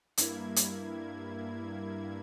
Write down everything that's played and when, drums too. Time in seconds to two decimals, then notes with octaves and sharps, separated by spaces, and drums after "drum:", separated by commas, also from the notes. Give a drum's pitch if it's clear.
0.17 G2 A#3 E4 G#6, drum: hi-hat
0.56 drum: hi-hat